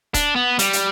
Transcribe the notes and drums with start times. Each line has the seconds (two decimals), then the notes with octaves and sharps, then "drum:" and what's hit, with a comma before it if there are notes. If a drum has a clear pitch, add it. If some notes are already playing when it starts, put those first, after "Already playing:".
0.14 D4, drum: kick D#1, hi-hat
0.36 B3
0.59 G3, drum: hi-hat
0.73 drum: hi-hat